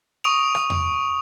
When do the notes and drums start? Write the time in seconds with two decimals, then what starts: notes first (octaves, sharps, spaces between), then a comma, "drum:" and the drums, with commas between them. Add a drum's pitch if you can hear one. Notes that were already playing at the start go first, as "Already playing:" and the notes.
0.24 C#6 D#6 D7 F7
0.55 drum: rim click
0.70 drum: tom E2